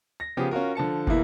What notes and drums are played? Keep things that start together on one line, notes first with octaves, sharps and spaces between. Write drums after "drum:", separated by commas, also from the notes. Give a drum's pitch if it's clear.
A#6
C#3 F3 B3 G4 G#4
C#4 F4 F#4 A#4
D3 F3 A5 C#7
E2 B2 E3 A#3 E4, drum: kick